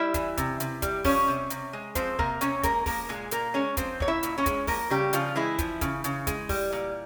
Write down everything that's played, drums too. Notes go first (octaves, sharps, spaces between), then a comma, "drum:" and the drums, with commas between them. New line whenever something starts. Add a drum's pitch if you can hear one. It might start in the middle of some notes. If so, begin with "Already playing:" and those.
Already playing: G3 E4 E5
E3, drum: kick, hi-hat
C3, drum: kick, hi-hat
C3, drum: hi-hat
G3, drum: kick, hi-hat
F3 C#4 C#5, drum: kick, open hi-hat
C3
C3, drum: hi-hat
G#3
F3 C4 C5, drum: kick, hi-hat
C3 A#3 A#4, drum: kick
C3 C#4 C#5, drum: hi-hat
G#3 A#3 A#4, drum: kick, hi-hat
F3 A#3 A#4, drum: kick, open hi-hat
A#2 G#3 G#4
A#2 A#3 A#4, drum: hi-hat
G#3 C#4 C#5
F3 C4 C5, drum: kick, hi-hat
A#2 C#5, drum: kick
E4 E5
A#2, drum: hi-hat
C#4 C#5
G#3, drum: kick, hi-hat
F3 A#3 A#4, drum: kick, open hi-hat
C#3 G3 G4
C#3 F3 F4, drum: hi-hat
E3 G#3 E4
F3, drum: kick, hi-hat
C#3, drum: kick, hi-hat
C#3, drum: hi-hat
G#3, drum: kick, hi-hat
G3, drum: kick, open hi-hat
A#2